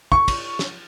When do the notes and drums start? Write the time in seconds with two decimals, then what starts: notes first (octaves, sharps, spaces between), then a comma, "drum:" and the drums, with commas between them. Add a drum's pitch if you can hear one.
0.12 C#6, drum: kick
0.28 drum: kick, cymbal
0.59 drum: snare